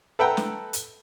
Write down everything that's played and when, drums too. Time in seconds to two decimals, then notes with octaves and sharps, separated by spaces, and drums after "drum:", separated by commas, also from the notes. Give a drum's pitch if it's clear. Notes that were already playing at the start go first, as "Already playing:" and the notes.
0.19 A4 B4 E5 F#5 G5 A#5
0.37 drum: snare
0.73 drum: hi-hat